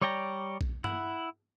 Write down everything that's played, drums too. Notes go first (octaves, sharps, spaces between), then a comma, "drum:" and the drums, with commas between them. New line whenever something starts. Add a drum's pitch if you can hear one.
G3 C#5 D5 G5 A#5
drum: kick B1
E4 F#5, drum: tom G2